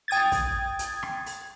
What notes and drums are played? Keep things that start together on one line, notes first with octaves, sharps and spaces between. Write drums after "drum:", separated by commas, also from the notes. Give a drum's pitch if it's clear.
G5 D#6 G#6 A6
drum: kick, open hi-hat
drum: hi-hat
drum: rim click
drum: open hi-hat